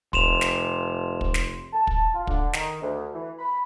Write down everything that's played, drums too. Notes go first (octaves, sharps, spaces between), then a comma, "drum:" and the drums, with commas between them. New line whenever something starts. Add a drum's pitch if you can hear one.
F1 C6 E7 F7, drum: kick
drum: snare
drum: kick
drum: snare
A5
drum: kick
F4
D3, drum: kick
D#3, drum: snare
D2
E3
B5